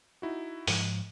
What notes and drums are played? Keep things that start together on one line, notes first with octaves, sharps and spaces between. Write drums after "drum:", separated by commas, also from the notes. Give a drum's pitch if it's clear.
D#4 E4 F#4
G#2 F3, drum: open hi-hat